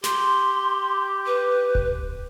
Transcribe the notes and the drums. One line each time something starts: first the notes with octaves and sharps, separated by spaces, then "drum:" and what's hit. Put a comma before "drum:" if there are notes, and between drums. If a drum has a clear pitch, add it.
G4 C6, drum: snare
B4
drum: kick D1